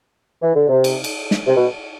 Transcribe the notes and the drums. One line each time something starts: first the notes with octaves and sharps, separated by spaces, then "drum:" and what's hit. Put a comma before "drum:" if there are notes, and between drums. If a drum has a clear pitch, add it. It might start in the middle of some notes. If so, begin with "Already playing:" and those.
E3
D3
C3
drum: cymbal
drum: cymbal
drum: snare
C3
B2